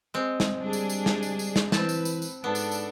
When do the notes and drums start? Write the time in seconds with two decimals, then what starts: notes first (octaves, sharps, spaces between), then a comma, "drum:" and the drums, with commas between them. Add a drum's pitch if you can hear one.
0.14 G#3 C4
0.40 drum: snare
0.62 G3 D4 G#4
0.73 drum: tambourine
0.90 drum: tambourine
1.06 drum: snare
1.23 drum: tambourine
1.39 drum: tambourine
1.56 drum: snare
1.72 E3 C4 B4 A5, drum: snare
1.89 drum: tambourine
2.05 drum: tambourine
2.22 drum: tambourine
2.44 G#2 B3 D4 A4
2.55 drum: tambourine
2.71 drum: tambourine